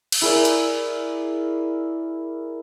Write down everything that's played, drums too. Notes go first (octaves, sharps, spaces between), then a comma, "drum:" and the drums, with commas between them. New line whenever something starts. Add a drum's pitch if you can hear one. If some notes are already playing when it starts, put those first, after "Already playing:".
drum: cymbal
E4 G#4 A#4 D5
drum: hi-hat